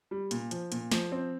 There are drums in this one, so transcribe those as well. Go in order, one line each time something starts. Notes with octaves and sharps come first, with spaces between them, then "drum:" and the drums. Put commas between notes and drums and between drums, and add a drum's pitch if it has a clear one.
G3
A#2, drum: hi-hat
F3, drum: hi-hat
A#2, drum: hi-hat
F3, drum: snare
C4